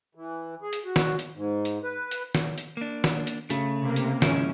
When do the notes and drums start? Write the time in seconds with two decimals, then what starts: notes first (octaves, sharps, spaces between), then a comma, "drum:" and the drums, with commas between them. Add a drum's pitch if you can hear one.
0.15 E3
0.62 G#4
0.73 drum: hi-hat
0.85 F#4
0.96 drum: snare
1.19 drum: hi-hat
1.35 G#2
1.65 drum: hi-hat
1.83 B4
2.11 drum: hi-hat
2.35 drum: snare
2.58 drum: hi-hat
2.77 A#3 D4
3.04 drum: snare
3.27 drum: hi-hat
3.50 C#3 A3, drum: hi-hat
3.81 C3 A#3
3.96 drum: hi-hat
4.22 G#2 F3 C#4 E4, drum: snare